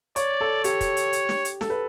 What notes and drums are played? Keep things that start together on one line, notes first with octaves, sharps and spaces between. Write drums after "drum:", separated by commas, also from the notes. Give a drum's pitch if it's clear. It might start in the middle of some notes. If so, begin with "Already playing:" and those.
C#5 D5, drum: hi-hat
A4
G4 C#5, drum: hi-hat
drum: kick, hi-hat
drum: hi-hat
drum: hi-hat
drum: snare
drum: hi-hat
A4, drum: snare
B4